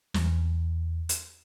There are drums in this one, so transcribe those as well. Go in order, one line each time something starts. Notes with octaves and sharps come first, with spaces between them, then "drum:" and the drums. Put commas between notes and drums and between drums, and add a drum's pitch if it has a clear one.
E2, drum: snare
drum: hi-hat